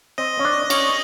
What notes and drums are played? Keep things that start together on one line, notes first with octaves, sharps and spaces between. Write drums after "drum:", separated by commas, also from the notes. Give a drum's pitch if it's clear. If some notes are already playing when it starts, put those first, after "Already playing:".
C4 D#5
C#4
D4
C#4, drum: cymbal